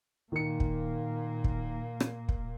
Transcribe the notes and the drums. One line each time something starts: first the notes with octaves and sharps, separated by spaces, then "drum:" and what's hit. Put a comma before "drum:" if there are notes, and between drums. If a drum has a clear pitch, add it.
A#2 D#3 A#3 C#7
drum: kick
drum: kick
drum: rim click
drum: kick